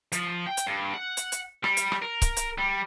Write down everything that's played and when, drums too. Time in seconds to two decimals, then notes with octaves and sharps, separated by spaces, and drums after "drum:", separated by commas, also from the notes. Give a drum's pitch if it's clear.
0.12 F3, drum: hi-hat
0.47 G5
0.57 drum: hi-hat
0.67 G2
0.94 F#5
1.17 drum: hi-hat
1.32 drum: hi-hat
1.64 G3, drum: rim click
1.77 drum: hi-hat
1.92 drum: rim click
2.02 A#4
2.22 drum: kick C#1, hi-hat
2.37 drum: hi-hat
2.58 G3